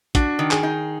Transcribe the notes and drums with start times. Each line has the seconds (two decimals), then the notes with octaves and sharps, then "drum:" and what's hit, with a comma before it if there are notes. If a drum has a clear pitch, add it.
0.15 D4 F#4, drum: kick, hi-hat
0.39 D#3
0.51 G#4, drum: clap
0.63 D#4